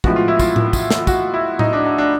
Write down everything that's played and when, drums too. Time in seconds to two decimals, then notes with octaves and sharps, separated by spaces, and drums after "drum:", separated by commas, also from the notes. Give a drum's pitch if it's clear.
0.04 A2 F3 G#3 B3 F#4, drum: kick
0.16 F4
0.28 E4
0.39 F4, drum: kick, tambourine
0.56 drum: tom A2
0.73 drum: kick, tambourine
0.90 drum: snare
1.07 F#4, drum: kick, tambourine
1.34 E4
1.59 D#4, drum: tom A2
1.73 D4
1.85 D4
1.98 D4